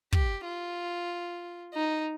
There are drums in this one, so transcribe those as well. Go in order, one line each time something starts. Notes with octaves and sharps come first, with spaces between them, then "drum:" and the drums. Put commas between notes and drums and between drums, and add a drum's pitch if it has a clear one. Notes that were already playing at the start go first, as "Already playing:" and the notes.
G4, drum: kick
F4
D#4